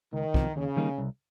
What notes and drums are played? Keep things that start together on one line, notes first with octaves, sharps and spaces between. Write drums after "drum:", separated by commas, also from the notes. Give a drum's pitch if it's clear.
C#2 D#3
C3 F3, drum: kick
D#2 C#3
D#3 G3 A#3 D#4
C2